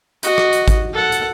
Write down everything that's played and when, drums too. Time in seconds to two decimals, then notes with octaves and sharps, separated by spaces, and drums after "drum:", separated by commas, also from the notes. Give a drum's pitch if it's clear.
0.23 F#4 D#5, drum: hi-hat
0.38 drum: rim click
0.53 drum: hi-hat
0.68 drum: kick G#1, hi-hat
0.93 A4 F#5
1.12 drum: hi-hat